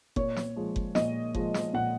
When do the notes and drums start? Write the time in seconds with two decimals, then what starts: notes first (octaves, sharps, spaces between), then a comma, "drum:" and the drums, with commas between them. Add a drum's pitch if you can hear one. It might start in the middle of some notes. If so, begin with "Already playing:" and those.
0.16 A#2 C#5, drum: kick F#1
0.36 drum: snare
0.56 F3 G#3
0.76 drum: kick F#1
0.95 A#2 D#5, drum: snare
1.35 F3 G#3, drum: kick F#1
1.54 drum: snare
1.74 A#2 F#5